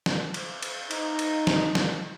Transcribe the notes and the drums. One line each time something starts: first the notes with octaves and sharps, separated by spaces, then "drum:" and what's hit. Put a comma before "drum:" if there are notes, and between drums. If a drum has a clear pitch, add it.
drum: snare
drum: cymbal
drum: cymbal
D#4, drum: cymbal
drum: cymbal
drum: snare
drum: snare